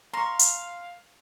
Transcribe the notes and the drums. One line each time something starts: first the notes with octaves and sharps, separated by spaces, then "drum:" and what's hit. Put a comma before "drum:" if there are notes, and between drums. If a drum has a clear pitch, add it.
F5 A#5 C6 C#6
drum: hi-hat